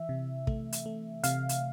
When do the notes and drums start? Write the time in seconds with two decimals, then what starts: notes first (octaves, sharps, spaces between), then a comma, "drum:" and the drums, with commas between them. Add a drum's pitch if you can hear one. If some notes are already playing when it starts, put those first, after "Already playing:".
Already playing: E3 E5
0.09 C3
0.47 A3, drum: kick
0.72 drum: hi-hat
0.86 A3
1.23 C3 F5, drum: hi-hat
1.49 drum: hi-hat